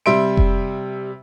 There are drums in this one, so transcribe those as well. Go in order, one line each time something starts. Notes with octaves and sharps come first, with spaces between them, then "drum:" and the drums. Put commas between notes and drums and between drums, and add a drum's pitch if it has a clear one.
C3 G3 E5 C6 D7
drum: kick F1